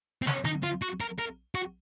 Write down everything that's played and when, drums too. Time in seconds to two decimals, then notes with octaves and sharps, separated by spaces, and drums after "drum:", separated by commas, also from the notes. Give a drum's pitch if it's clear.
0.22 C4
0.27 C#4, drum: snare
0.45 D#4, drum: tom D3
0.63 F4
0.82 F#4
1.01 A#4
1.19 A#4
1.55 F#4